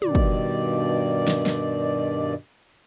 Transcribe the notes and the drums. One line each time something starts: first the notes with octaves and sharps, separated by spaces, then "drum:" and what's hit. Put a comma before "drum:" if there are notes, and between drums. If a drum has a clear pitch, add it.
G2 B2 D#3 D5, drum: tom
drum: kick
drum: snare
drum: snare